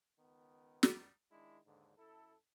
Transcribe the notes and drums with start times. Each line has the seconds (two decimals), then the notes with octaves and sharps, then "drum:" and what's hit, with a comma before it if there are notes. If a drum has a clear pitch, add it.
0.19 C#2 D#3 B3
0.83 drum: snare
1.32 D#3 G#3 D4 E4
1.66 D#2 G#2 D3
1.98 F#2 E4 A4